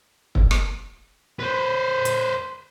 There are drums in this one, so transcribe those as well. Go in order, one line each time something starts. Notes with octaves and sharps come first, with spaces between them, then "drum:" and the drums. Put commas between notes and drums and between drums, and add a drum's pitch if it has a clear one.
drum: kick
drum: rim click
B4 C5
drum: hi-hat